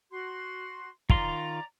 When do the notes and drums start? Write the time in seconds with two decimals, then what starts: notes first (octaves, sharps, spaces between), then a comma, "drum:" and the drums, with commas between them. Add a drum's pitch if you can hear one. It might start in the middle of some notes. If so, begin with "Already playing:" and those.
0.11 F#4 C6
1.10 D#3 F4 D5 A#5 C6, drum: kick